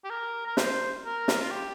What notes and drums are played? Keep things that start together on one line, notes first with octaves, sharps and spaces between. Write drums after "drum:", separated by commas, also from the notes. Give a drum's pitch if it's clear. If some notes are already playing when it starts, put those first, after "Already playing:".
G4
A#4
A#4
C5, drum: snare
A#4
drum: snare
F4
G4